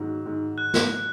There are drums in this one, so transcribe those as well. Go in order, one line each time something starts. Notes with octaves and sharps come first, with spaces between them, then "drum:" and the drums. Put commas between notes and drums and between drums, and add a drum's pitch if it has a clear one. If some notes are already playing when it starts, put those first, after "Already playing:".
Already playing: G#2 F#3
G#2
F#6
drum: snare